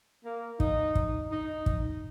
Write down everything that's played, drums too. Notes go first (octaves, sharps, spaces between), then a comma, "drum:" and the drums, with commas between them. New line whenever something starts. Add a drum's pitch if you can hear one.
A#3
D#4, drum: kick
drum: kick
D#4
drum: kick